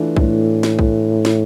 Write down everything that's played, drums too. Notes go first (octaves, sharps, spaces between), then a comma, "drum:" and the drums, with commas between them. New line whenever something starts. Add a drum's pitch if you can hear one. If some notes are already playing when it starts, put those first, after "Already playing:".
Already playing: E3 A3 D4 F4
A2, drum: kick B1
drum: snare
drum: kick B1
drum: snare